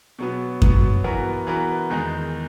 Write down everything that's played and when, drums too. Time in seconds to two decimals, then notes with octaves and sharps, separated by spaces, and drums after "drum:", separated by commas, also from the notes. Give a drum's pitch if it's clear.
0.19 B2 F#3 B3
0.62 B2 F#3 B3, drum: kick F#2
1.04 E3 B3 F#4 A#4
1.47 E3 B3 F#4 A#4
1.90 E2 D#3 G#3 D#4